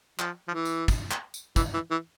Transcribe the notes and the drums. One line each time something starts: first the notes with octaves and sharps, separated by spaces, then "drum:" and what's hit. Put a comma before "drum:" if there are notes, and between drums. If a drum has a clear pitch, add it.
F3, drum: clap
F3
E3
drum: tambourine
drum: kick, tambourine
drum: clap
drum: tambourine
E3, drum: kick, tambourine
E3
E3